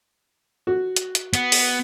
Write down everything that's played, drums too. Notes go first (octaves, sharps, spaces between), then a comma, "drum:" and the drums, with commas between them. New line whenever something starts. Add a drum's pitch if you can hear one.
F#4
drum: hi-hat
drum: hi-hat
B3, drum: hi-hat
drum: open hi-hat